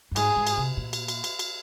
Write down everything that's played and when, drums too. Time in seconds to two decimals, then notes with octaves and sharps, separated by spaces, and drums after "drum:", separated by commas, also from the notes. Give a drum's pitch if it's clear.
0.11 F#2
0.16 G#2 G#4, drum: cymbal
0.36 G#2
0.47 drum: cymbal
0.57 C3
0.77 A#2
0.93 drum: cymbal
1.08 drum: cymbal
1.24 drum: cymbal
1.39 drum: cymbal